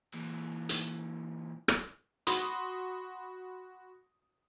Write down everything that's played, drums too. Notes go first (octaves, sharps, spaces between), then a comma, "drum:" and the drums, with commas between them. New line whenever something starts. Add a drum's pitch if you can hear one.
A#2 E3
drum: hi-hat
drum: rim click
F#4 B5 C6 D#6, drum: hi-hat